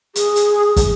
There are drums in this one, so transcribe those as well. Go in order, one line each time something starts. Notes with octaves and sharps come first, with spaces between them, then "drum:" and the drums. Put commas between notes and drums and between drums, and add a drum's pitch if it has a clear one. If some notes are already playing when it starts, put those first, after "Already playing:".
G#4, drum: hi-hat
drum: hi-hat
drum: kick, hi-hat